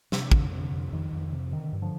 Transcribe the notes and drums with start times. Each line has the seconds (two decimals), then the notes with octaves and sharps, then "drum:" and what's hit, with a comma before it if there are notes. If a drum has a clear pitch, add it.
0.12 C3, drum: snare
0.31 F2 D3, drum: kick
0.53 C3
0.59 D3
0.72 F2
0.92 F2 D#3
1.13 F2
1.32 C3
1.52 D3 D#3
1.73 G2
1.82 D3 F3